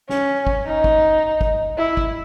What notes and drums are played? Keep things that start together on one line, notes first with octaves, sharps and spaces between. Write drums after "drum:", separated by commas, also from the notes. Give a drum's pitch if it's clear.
C#4, drum: snare
drum: kick
D#4
drum: kick
drum: kick
E4
drum: kick